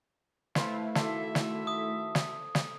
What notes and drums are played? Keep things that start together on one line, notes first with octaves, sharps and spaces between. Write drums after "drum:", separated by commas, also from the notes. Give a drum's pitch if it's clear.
A3 E4 B4 C5 F5, drum: snare
D#3 F#4 A4 E5 C6 D6, drum: snare
drum: snare
D#6
drum: snare
drum: snare